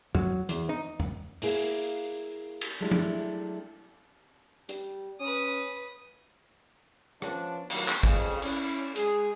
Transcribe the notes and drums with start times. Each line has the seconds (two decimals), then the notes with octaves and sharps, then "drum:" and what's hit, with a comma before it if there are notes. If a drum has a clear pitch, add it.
0.15 F#3, drum: tom E2
0.49 E2, drum: hi-hat
0.69 D#4
1.00 drum: tom E2
1.42 A#3 E4 G#4 F5, drum: open hi-hat
2.61 drum: cymbal
2.81 F#3 G#3 A3 D4 E4 G4
2.91 drum: tom
4.69 G3, drum: hi-hat
5.20 C#4 B4 D#6
5.33 drum: tambourine
7.22 F3 B3 C#4 D4, drum: rim click
7.70 A2 D#3 F#3 G3 A#3, drum: cymbal
7.89 drum: clap
8.03 F2 C#3, drum: kick
8.42 C#4 E4 D5, drum: cymbal
8.96 G#3 G#4, drum: hi-hat